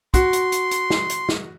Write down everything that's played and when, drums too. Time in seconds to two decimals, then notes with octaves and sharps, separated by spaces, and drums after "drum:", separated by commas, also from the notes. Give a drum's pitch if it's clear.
0.14 F#4 C6, drum: kick, hi-hat
0.33 drum: hi-hat
0.52 drum: hi-hat
0.71 drum: hi-hat
0.90 drum: snare
1.10 drum: hi-hat
1.29 drum: snare